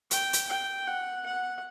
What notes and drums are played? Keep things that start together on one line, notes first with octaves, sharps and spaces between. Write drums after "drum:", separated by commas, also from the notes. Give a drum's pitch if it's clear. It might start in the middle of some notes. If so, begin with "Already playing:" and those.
G5, drum: hi-hat
drum: hi-hat
G5
F#5
F#5